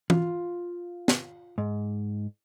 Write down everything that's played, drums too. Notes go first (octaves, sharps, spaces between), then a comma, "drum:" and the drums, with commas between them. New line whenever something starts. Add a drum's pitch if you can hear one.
F4, drum: tom E3
drum: snare
G#2